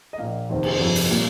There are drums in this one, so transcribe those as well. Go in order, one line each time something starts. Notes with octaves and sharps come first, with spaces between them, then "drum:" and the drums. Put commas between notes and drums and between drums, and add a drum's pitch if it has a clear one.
D#5
A#1 A#2 A#3 F5
F1 D#2 D#3 C4
drum: cymbal
G1 F2 C3 F3
drum: open hi-hat
A#2 G3 A#3